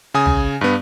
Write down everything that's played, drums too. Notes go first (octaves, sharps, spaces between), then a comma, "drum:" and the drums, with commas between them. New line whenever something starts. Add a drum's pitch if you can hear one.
C#3 G#5 D#6
drum: tom
G2 B3